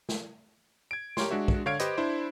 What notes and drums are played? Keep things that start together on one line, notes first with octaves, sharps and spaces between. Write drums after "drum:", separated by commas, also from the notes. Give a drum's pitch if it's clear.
drum: snare
G#6 D7
G4 A#4 C#5 C6, drum: snare
G#3 D4 F#4 E5
drum: kick
D3 C#5 F5 G#6 D7
G4 B4 C5 D#5, drum: hi-hat
D4 E4 C5